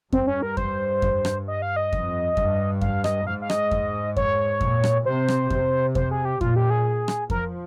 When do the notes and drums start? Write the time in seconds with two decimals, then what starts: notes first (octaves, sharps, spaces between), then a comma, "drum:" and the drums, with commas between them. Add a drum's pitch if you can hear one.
0.12 G2 C4, drum: kick F2
0.27 C#4
0.43 A#4
0.57 C5, drum: kick F2
1.02 drum: kick F2
1.25 drum: rim click
1.48 D#5
1.62 F5
1.76 D#5
1.93 F2, drum: kick F2
2.37 G2, drum: kick F2
2.81 F5, drum: kick F2
3.04 D#5, drum: rim click
3.26 G#2 F5
3.42 F5
3.50 D#5, drum: rim click
3.71 drum: kick F2
4.17 C#5, drum: kick F2
4.61 A#2, drum: kick F2
4.84 drum: rim click
5.06 C3 C5
5.28 drum: rim click
5.50 C3, drum: kick F2
5.95 C5, drum: kick F2
6.11 G#4
6.25 G4
6.41 A#2 F4, drum: kick F2
6.56 G4
6.70 G#4
7.08 drum: rim click
7.30 F3 A#4, drum: kick F2